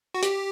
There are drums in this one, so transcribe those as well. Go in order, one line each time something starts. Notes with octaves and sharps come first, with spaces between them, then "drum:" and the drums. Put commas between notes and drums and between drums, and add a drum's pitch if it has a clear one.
F#4
G4, drum: hi-hat